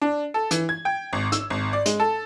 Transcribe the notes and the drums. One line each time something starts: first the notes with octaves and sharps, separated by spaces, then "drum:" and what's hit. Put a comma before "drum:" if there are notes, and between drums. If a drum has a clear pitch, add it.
D4
A4
E3, drum: hi-hat
G#6
G5
G#1
E6, drum: hi-hat
G#1
D5
G#3, drum: hi-hat
A4